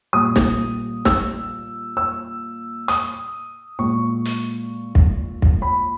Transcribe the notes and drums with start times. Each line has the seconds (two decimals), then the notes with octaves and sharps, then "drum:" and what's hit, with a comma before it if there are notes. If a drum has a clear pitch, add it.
0.13 A#2 G3 D#6
0.36 drum: snare
1.05 E6, drum: snare
1.97 E6
2.88 D#6, drum: hi-hat
3.79 A#2 G#3 C#6
4.25 drum: hi-hat
4.95 drum: kick
5.42 drum: kick
5.62 B5